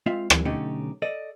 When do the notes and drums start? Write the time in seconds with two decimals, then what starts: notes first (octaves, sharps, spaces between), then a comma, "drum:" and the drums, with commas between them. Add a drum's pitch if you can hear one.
0.06 G#3 C4 F4 E5 F5
0.30 E3 F#3, drum: rim click
0.45 B1 D3 A3 C#4 D#4 G4
1.02 A4 D5 D#5